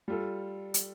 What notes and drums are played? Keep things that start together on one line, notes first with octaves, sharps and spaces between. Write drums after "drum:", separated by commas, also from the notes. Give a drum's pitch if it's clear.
G3 F4 A4
drum: hi-hat